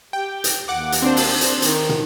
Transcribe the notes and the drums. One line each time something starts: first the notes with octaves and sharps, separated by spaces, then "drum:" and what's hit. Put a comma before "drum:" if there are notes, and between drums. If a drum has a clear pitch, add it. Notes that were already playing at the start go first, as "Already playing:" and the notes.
G4 G5
drum: hi-hat
D#2 F#5 D6
drum: hi-hat
C4 D4 C5
drum: open hi-hat
drum: hi-hat
D#3, drum: hi-hat
drum: tom